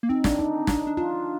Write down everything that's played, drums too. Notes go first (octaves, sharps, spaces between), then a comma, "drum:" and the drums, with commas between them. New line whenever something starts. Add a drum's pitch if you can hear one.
A#3
C4 D#4
D4, drum: snare
D#4
D4, drum: snare
D4
D4 F4